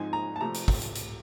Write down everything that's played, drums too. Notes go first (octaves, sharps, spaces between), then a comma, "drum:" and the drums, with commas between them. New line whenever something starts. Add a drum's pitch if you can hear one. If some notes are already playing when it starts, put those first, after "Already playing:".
Already playing: G#2 F3 G#3 C4 D#4 G#5
A#5
A5
C3 F3 A3 A#5
drum: hi-hat
drum: kick, open hi-hat
drum: hi-hat
drum: hi-hat